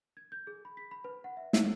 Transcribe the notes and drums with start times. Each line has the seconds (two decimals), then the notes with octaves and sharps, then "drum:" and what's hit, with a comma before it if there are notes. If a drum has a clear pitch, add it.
0.17 G#6
0.32 G6
0.47 G#4
0.65 B5
0.77 B6
0.91 B5
1.04 B4
1.24 F#5
1.37 E5
1.53 E6, drum: snare